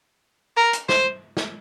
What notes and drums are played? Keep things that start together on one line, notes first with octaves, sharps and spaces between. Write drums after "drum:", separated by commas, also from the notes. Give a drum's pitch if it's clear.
A#4
drum: hi-hat
C5, drum: snare
drum: snare